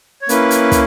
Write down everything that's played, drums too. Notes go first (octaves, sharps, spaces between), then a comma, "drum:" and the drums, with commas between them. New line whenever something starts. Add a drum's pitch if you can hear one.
C#5
A#3 C#4 E4 B4, drum: hi-hat
drum: hi-hat
drum: kick, hi-hat